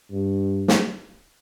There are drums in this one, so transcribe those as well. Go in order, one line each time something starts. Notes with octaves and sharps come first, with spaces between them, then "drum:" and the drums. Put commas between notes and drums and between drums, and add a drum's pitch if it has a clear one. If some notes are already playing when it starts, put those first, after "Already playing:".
G2
drum: snare